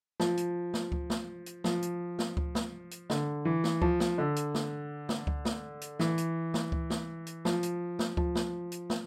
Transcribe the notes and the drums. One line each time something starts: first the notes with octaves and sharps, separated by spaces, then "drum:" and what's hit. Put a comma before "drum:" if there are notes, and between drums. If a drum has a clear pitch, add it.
F3, drum: snare
drum: hi-hat
drum: snare
drum: kick C#2
drum: snare
drum: hi-hat
F3, drum: snare
drum: hi-hat
drum: snare
drum: kick C#2
drum: snare
drum: hi-hat
D3, drum: snare
E3
drum: snare
F3, drum: kick C#2
drum: snare
D3
drum: hi-hat
drum: snare
drum: snare
drum: kick C#2
drum: snare
drum: hi-hat
E3, drum: snare
drum: hi-hat
drum: snare
drum: kick C#2
drum: snare
drum: hi-hat
F3, drum: snare
drum: hi-hat
drum: snare
F3, drum: kick C#2
drum: snare
drum: hi-hat
drum: snare